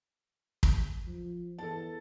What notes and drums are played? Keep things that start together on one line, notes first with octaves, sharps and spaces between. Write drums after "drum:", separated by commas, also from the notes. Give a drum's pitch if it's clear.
drum: kick
F3
E2 A4 A5